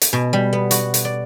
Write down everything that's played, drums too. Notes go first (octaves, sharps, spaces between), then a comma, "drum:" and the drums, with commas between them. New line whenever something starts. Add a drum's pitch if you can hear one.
drum: hi-hat
B2
G3
B3
F#4, drum: hi-hat
drum: hi-hat
D5